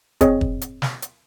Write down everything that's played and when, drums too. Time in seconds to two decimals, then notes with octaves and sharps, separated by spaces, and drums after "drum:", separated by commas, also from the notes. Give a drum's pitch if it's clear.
0.21 C4 G#4 C#5 D#5, drum: kick, hi-hat
0.41 drum: kick
0.61 drum: hi-hat
0.82 drum: snare
1.02 drum: hi-hat